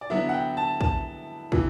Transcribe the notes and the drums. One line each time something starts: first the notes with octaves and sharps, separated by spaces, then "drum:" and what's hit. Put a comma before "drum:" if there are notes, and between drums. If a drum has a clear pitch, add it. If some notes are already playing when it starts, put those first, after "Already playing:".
D5
D3 F#3 B3 E4 E5
F#5
G5
A5
A5, drum: kick
C3 E3, drum: kick